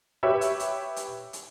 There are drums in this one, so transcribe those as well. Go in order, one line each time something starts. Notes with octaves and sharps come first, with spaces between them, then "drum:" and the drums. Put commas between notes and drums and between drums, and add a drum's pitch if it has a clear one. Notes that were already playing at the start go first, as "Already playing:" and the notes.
G4 B4 C#5 E5
drum: hi-hat
drum: hi-hat
drum: hi-hat
drum: hi-hat